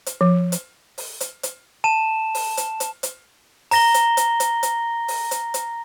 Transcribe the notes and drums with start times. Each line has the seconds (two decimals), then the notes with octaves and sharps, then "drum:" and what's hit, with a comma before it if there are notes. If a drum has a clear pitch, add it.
0.06 drum: hi-hat
0.21 F3
0.52 drum: hi-hat
0.98 drum: open hi-hat
1.20 drum: hi-hat
1.43 drum: hi-hat
1.84 A5 E7
2.35 drum: open hi-hat
2.57 drum: hi-hat
2.80 drum: hi-hat
3.03 drum: hi-hat
3.71 A#5 A#6 G7, drum: open hi-hat
3.94 drum: hi-hat
4.17 drum: hi-hat
4.40 drum: hi-hat
4.63 drum: hi-hat
5.08 drum: open hi-hat
5.31 drum: hi-hat
5.54 drum: hi-hat